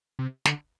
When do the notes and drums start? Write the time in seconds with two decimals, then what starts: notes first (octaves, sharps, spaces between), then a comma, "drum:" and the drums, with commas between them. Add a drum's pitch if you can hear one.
0.19 C3
0.45 D3, drum: snare